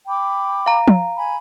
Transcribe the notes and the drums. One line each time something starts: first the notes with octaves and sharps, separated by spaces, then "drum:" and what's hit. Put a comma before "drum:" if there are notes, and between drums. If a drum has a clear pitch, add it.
G5 B5 D6
F5 A#5
drum: tom
G#5 B5